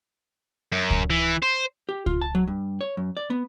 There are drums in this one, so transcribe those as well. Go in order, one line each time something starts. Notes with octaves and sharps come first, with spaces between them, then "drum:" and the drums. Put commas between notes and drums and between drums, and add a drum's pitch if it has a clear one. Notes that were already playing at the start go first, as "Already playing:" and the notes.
F#2
drum: kick C#2
E3
C5
G4
F4, drum: kick C#2
A5
F#3
G2
C#5
F#2
D5
B3